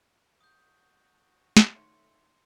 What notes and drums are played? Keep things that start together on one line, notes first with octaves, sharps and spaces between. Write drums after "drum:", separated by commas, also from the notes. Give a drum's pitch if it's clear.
F#4 D#6 G6
drum: snare
D#3 A3 C#5 C6 C#7